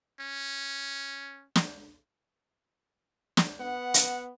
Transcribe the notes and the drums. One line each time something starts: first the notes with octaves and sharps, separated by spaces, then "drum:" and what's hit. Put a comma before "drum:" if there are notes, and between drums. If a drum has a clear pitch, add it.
C#4
drum: snare
drum: snare
B3 F#5
drum: hi-hat